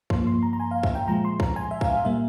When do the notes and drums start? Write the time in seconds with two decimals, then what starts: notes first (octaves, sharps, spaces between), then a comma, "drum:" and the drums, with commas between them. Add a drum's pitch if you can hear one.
0.10 G2 F3 A#3 C6, drum: kick
0.27 C6
0.43 A#5
0.53 A#5
0.60 G#5
0.71 F5
0.83 E5, drum: kick
0.95 G5
1.08 A#2 F3 G#3 A#5
1.25 C6
1.40 A#5, drum: kick
1.56 G#5
1.71 E5
1.81 F5, drum: kick
2.05 A#2 G3 A#3 E5